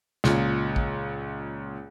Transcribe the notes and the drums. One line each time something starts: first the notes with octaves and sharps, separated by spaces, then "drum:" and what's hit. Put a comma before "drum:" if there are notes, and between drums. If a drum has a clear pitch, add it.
C#2 A#2, drum: snare
drum: kick A1